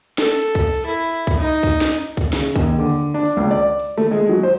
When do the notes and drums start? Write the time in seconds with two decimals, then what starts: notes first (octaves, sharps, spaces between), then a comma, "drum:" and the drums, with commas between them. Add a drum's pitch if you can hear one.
0.18 A4, drum: snare
0.37 drum: tambourine
0.55 drum: kick C2, tambourine
0.73 drum: tambourine
0.86 E4
1.09 drum: tambourine
1.27 drum: kick C2, tambourine
1.38 D#4
1.63 drum: kick C2, tambourine
1.81 drum: snare
1.99 drum: tambourine
2.17 drum: kick C2, tambourine
2.33 C#3, drum: snare
2.56 D#2, drum: kick C2, tambourine
2.78 D3
2.89 drum: tambourine
3.14 D4
3.25 drum: tambourine
3.37 C#2
3.51 D5
3.79 drum: tambourine
3.97 A3, drum: tambourine
4.11 G#3
4.29 F#3
4.43 C5